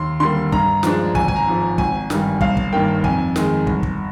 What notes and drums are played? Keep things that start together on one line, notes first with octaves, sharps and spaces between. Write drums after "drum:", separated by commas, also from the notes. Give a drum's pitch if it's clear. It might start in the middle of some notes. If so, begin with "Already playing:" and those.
Already playing: D#2 C6
D3 G3 A#3 C6
G2 A#5, drum: kick
F3 G#3 D4, drum: snare
G#1 G#5, drum: kick
G#5, drum: kick
A#5
G#2 F3
G#1 G#5, drum: kick
G2 D#3 G3, drum: snare
G1 F5, drum: kick
drum: kick
G2 D#3 A#3 G5
F2 G#5, drum: kick
D#3 G#3, drum: snare
G1, drum: kick
drum: kick